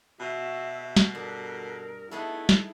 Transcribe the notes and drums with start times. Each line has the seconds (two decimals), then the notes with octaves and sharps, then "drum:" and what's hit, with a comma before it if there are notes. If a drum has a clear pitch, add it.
0.20 B2 F#4 E5
0.96 drum: snare
1.15 G2 A4 A#4
2.11 A3 B3 D#4 E4 G#4 A4
2.49 drum: snare